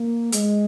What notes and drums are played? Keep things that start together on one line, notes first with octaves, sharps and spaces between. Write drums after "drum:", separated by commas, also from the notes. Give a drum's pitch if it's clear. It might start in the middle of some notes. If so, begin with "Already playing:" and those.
Already playing: A#3
G#3, drum: hi-hat